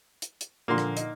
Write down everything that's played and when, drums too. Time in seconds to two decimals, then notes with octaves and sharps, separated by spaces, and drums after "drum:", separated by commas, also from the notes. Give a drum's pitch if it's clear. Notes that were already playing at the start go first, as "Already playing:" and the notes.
0.22 drum: hi-hat
0.41 drum: hi-hat
0.68 A#2 D3 F3 A#3 C6
0.78 drum: rim click
0.97 D#4, drum: hi-hat